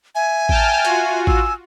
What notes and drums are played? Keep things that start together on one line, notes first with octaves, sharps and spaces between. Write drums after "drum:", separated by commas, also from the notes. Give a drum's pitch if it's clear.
E5 G#5
G5 A5 F6, drum: kick A1
F4 F#4, drum: hi-hat
E6, drum: kick A1